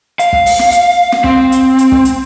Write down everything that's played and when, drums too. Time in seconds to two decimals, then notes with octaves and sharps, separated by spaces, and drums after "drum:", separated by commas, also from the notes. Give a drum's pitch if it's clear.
0.19 F5, drum: hi-hat
0.33 drum: kick
0.46 drum: open hi-hat
0.59 drum: snare
0.72 drum: hi-hat
1.12 drum: snare
1.24 C4, drum: kick
1.52 drum: hi-hat
1.79 drum: hi-hat
1.92 drum: kick
2.05 drum: hi-hat